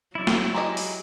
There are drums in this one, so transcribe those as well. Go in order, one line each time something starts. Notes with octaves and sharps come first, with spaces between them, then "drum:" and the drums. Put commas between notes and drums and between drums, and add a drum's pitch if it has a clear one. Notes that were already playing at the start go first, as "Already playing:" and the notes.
F#3 E4 D5
drum: snare
G#3 G4 D#5 A#5
drum: open hi-hat